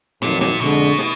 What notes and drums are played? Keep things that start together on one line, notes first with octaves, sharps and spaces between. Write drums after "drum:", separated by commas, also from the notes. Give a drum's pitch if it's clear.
F2 A#2 D#3 F#3, drum: snare
A#2, drum: snare
F2 B2 D3 G#3 D4
drum: snare